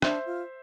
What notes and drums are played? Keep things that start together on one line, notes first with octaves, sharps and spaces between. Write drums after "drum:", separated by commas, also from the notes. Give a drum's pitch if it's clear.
D4 C5 E5, drum: rim click
F4